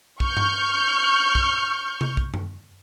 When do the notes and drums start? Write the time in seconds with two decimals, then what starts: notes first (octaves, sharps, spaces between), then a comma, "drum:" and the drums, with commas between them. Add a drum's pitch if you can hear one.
0.20 C#6 F6 G6, drum: kick
0.37 drum: tom G2
1.35 drum: kick
2.01 drum: tom C3
2.17 drum: kick
2.34 drum: tom F#2